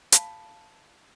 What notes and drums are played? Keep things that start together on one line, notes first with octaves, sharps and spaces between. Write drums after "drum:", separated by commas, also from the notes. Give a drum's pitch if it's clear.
F5 A5 B5, drum: hi-hat